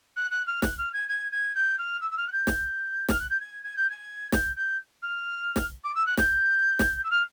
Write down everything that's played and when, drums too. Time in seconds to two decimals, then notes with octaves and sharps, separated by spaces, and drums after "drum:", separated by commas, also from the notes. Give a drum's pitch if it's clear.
0.16 F#6
0.31 F#6
0.46 F6
0.62 F#6, drum: snare
0.77 F6
0.93 G#6
1.08 G#6
1.31 G#6
1.55 G6
1.78 F6
2.00 E6
2.10 E6
2.17 F6
2.27 F#6
2.32 G6
2.47 drum: snare
3.09 F6, drum: snare
3.19 F#6
3.29 G6
3.40 G#6
3.63 G#6
3.76 G6
3.89 G#6
4.32 G6, drum: snare
4.55 G6
5.02 F6
5.56 drum: snare
5.83 D6
5.94 E6
6.06 F#6
6.17 G6, drum: snare
6.79 drum: snare
7.03 E6
7.10 F6